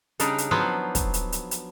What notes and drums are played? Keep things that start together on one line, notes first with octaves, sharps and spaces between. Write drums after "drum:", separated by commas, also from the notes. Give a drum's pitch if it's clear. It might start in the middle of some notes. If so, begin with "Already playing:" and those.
C#3 G3 D4 D#4, drum: hi-hat
drum: hi-hat
F3 F#3 B3 B4 C5
drum: kick, hi-hat
drum: hi-hat
drum: hi-hat
drum: hi-hat